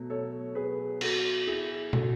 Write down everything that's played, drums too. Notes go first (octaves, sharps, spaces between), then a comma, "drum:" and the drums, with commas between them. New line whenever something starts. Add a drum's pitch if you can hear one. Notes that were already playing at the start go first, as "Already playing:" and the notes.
Already playing: B2 F#3 A3
A4 C#5
G#4 B4
F#4 A4, drum: cymbal
E4 G#4
F#4 A4, drum: tom